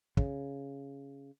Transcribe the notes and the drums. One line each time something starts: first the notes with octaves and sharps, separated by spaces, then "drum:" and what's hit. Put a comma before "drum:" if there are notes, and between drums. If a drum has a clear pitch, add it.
C#3, drum: kick